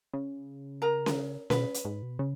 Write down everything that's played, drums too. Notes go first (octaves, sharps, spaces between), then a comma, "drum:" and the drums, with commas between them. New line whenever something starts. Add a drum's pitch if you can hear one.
C#3
A#4 A#5
drum: snare C#4
B2 B4, drum: snare C#4
drum: hi-hat
G#2
B2
C#3